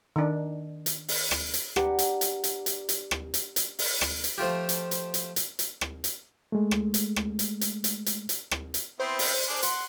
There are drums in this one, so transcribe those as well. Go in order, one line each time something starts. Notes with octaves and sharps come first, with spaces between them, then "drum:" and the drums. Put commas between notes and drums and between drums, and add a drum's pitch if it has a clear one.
D#3 D4
drum: hi-hat
drum: open hi-hat
drum: rim click
drum: hi-hat
D4 G4 B4 F#5 A#5, drum: rim click
drum: hi-hat
drum: hi-hat
drum: hi-hat
drum: hi-hat
drum: hi-hat
drum: rim click
drum: hi-hat
drum: hi-hat
drum: open hi-hat
drum: rim click
drum: hi-hat
F3 A3 F4 G4
drum: hi-hat
drum: hi-hat
drum: hi-hat
drum: hi-hat
drum: hi-hat
drum: rim click
drum: hi-hat
G#3 A3
drum: rim click
drum: hi-hat
drum: rim click
drum: hi-hat
drum: hi-hat
drum: hi-hat
drum: hi-hat
drum: hi-hat
drum: rim click
drum: hi-hat
B3 C4 E4 C5
drum: open hi-hat
D4 G#4
F#5 C6, drum: hi-hat